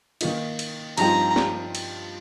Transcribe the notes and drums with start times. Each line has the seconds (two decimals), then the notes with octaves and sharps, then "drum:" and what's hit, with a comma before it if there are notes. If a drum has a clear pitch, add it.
0.21 D#3 A#3 D#4, drum: cymbal
0.59 drum: cymbal
0.98 G2 F3 C4 D#4 G4 A#5, drum: cymbal
1.36 drum: snare
1.75 drum: cymbal